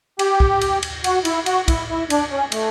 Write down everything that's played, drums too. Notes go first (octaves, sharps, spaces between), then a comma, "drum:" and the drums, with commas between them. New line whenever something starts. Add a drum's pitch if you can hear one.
G4, drum: cymbal
drum: kick
drum: cymbal
drum: cymbal
F#4, drum: cymbal
E4, drum: cymbal
F#4, drum: cymbal
E4, drum: kick, cymbal
E4
D4, drum: cymbal
C#4
A3, drum: cymbal